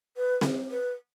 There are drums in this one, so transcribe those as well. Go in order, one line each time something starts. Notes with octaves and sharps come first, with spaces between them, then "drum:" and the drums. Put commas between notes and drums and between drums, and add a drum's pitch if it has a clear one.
B4
drum: snare C4
B4